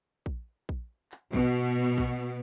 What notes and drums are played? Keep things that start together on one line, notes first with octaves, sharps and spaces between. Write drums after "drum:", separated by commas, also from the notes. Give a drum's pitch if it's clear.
drum: kick A#1
drum: kick A#1
drum: clap
B2, drum: kick A#1
drum: kick A#1